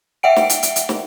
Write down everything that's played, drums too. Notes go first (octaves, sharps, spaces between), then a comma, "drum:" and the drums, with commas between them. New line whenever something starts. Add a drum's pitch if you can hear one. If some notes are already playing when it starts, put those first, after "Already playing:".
E5 F#5 G5 D7
drum: snare
drum: hi-hat
drum: hi-hat
drum: hi-hat
drum: snare